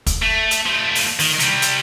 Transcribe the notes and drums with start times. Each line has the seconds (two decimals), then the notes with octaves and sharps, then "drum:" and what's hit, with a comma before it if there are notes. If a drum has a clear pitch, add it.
0.06 drum: kick, hi-hat
0.22 A3
0.51 drum: hi-hat
0.66 F3 A3
0.95 drum: open hi-hat
1.19 D#3, drum: open hi-hat
1.40 C3 G3, drum: hi-hat
1.62 drum: hi-hat